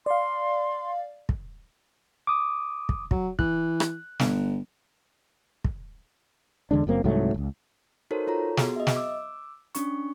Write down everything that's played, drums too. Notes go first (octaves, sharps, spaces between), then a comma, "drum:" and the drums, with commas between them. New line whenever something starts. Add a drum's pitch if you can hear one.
D5 F5 C6
drum: kick
D6 D#6
drum: kick
F#3, drum: kick
E3 F#6, drum: kick
drum: rim click
G1, drum: snare
drum: kick
E2 D3 G#3 D4
F#1 F#2 A#3 C4
C2 G#2 F#3 A3
D1 C#2
D#4 F#4 A4 A#4 C5 C#5
F4 A4 C#5 A#5
B3 F#4 G#4, drum: snare
D#5 E5
drum: snare
D6 E6
C#4 D4 C#6, drum: hi-hat